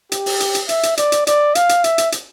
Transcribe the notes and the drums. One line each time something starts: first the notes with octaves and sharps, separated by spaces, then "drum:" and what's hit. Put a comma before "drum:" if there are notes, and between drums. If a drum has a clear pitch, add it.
G4, drum: hi-hat
drum: open hi-hat
drum: hi-hat
drum: hi-hat
E5, drum: hi-hat
drum: hi-hat
D5, drum: hi-hat
drum: hi-hat
D5, drum: hi-hat
F5, drum: hi-hat
drum: hi-hat
E5, drum: hi-hat
drum: hi-hat
drum: hi-hat